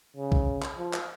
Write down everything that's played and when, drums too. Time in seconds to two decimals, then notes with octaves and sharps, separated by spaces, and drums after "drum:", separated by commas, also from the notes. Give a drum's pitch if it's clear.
0.17 C#3
0.32 drum: kick
0.62 drum: clap
0.78 F3
0.93 drum: clap